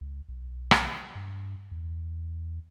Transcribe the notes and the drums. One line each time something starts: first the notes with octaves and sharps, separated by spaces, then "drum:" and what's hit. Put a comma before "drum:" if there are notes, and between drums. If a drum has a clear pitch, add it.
C#2
B1
drum: rim click
G2
E2